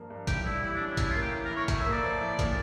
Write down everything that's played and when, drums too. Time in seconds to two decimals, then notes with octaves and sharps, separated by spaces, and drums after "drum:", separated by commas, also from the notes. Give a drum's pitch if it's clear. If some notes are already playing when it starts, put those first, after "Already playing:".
Already playing: G2 F3 A#3
0.10 G2
0.27 A2 G4, drum: kick, hi-hat
0.45 G3 E4
0.63 E3 E4
0.75 D4
0.81 C#4
0.86 D4
0.97 A2 E4, drum: kick, hi-hat
1.10 F4
1.15 A#3
1.21 G4
1.33 E3
1.45 A#4
1.51 E4
1.56 C#5
1.68 A2, drum: kick, hi-hat
1.80 E5
1.86 A#3
1.92 D5
2.04 F3
2.21 E4
2.39 A#2, drum: kick, hi-hat